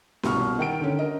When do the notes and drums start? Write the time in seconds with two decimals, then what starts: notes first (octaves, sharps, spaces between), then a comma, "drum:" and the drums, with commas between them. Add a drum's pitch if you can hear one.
0.23 C2 B2 C#6 F6, drum: snare C#4
0.58 D#3 F#5 G5 D7
0.80 D3 C#4
0.99 A#4 D#5